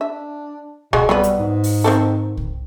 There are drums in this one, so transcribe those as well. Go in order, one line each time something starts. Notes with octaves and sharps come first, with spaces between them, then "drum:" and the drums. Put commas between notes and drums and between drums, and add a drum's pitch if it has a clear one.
D4 E5
B2 G#3 F#4, drum: kick C2
F#3 G3 B3 B4
drum: hi-hat
G#2
drum: open hi-hat
D#3 C4 A4
drum: kick C2